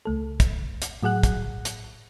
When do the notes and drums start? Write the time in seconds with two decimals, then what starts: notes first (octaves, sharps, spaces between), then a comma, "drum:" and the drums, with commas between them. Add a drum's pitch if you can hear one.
0.05 C#2 A3 A4
0.40 drum: kick, hi-hat
0.82 drum: hi-hat
1.03 A2 F#3 G#4 F#5 F#6
1.23 drum: kick, hi-hat
1.65 drum: hi-hat